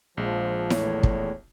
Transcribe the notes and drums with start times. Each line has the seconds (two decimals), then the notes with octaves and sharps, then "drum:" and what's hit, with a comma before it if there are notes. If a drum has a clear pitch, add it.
0.17 A#1 F3 G#3
0.70 E2 A2 C#5, drum: snare E4
1.03 drum: kick